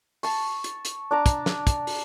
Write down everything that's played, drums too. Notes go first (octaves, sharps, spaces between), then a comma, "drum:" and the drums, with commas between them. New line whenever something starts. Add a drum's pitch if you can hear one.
A5 C#6, drum: open hi-hat
drum: hi-hat
drum: hi-hat
D4 D5 A#5
drum: kick, hi-hat
drum: snare
drum: kick, hi-hat
drum: open hi-hat